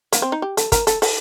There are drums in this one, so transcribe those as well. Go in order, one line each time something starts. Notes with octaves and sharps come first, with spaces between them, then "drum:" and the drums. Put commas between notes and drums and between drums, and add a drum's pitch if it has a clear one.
A#3, drum: hi-hat
C4
D#4
G4
A4, drum: hi-hat
A#4, drum: kick, hi-hat
A4, drum: hi-hat
A4, drum: open hi-hat